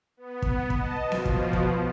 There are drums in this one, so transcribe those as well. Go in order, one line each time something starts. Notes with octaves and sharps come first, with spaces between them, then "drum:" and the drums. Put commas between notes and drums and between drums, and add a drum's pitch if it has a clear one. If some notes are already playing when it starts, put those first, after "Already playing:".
B3
drum: kick
D#5 A5, drum: kick
B2 F3
drum: snare B3
drum: kick
drum: kick